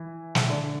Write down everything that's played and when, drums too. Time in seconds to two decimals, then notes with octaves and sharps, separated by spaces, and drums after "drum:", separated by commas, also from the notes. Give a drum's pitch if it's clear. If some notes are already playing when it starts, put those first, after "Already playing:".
Already playing: E3
0.35 drum: snare
0.49 D3